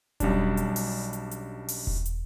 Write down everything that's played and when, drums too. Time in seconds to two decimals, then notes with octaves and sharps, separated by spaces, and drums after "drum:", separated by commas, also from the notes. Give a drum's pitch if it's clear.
0.20 B1 G3 C#4 D4, drum: kick E1, hi-hat
0.57 drum: hi-hat
0.76 drum: open hi-hat
1.13 drum: hi-hat
1.31 drum: hi-hat
1.68 drum: open hi-hat
1.87 drum: kick E1
2.06 drum: hi-hat